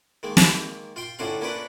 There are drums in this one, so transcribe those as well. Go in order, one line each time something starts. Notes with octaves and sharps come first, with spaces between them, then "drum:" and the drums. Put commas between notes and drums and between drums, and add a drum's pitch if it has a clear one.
D#3 G#3 A#3
drum: snare
F4 F5 G5 C6
A2 D3 C#4 D4 F4 F5
A#3 C#4 D4 F4 A#4 B4